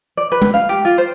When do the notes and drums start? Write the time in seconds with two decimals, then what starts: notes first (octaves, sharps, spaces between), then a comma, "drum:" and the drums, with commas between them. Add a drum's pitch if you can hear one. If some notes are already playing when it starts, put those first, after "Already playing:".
0.17 D5
0.32 B4
0.42 drum: tom
0.54 F5
0.69 G4
0.85 F4
0.98 C5